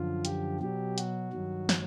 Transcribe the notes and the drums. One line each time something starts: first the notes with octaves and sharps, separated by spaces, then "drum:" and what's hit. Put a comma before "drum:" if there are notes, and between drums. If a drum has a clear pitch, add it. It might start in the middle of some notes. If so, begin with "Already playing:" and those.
Already playing: F#2 D3 F3 F4
G4, drum: hi-hat
B2 F#3 G4
F#4, drum: hi-hat
G2 D#3 F#3
drum: snare